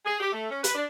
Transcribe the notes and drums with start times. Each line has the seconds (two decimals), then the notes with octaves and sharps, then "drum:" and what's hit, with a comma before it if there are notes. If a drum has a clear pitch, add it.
0.05 G#4
0.20 G4
0.32 A3
0.50 C#4
0.64 B4, drum: hi-hat
0.75 D4